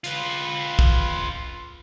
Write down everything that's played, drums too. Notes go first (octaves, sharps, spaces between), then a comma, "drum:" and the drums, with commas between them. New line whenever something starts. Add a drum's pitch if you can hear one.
F4 B4, drum: hi-hat
drum: kick